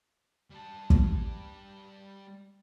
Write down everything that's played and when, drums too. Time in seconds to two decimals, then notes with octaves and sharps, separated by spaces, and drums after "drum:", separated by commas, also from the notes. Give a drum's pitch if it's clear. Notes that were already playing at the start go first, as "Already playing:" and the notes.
0.51 G3 A5
0.90 drum: kick